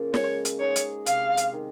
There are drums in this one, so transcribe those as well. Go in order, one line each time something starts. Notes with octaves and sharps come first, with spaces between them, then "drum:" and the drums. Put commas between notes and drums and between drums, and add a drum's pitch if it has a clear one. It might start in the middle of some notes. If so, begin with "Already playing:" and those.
Already playing: C#3 F3 A#3
G#3 C#5, drum: snare
drum: hi-hat
D#4 G#4 C#5
drum: hi-hat
C3 F5, drum: hi-hat
drum: hi-hat
D#3